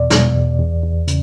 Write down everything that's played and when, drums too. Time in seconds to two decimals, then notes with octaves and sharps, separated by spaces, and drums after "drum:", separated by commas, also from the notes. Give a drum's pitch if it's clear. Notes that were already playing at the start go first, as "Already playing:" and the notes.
Already playing: E2 B2 D5
0.10 B2, drum: snare
0.34 E2
0.59 E2
0.83 E2
1.08 C#3, drum: hi-hat